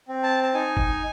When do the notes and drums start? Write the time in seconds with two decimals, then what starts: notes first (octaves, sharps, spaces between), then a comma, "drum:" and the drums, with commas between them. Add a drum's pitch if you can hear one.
0.08 C4
0.23 A5
0.43 A5
0.54 D#4 G#5
0.77 drum: kick G1